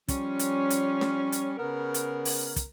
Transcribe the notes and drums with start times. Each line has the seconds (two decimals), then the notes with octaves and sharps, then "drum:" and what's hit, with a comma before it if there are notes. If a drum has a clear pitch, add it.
0.08 F3 G3 C#4, drum: kick, hi-hat
0.39 drum: hi-hat
0.70 drum: hi-hat
1.01 drum: snare
1.32 drum: hi-hat
1.57 C#3 B3 A#4
1.94 drum: hi-hat
2.25 drum: open hi-hat
2.56 drum: kick, hi-hat